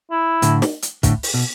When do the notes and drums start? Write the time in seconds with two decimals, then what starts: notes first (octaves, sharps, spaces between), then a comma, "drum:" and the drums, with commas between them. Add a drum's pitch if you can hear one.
0.11 E4
0.42 A2 D3, drum: hi-hat
0.62 drum: snare
0.82 drum: hi-hat
1.03 A2 D3, drum: kick, hi-hat
1.23 drum: open hi-hat
1.34 B2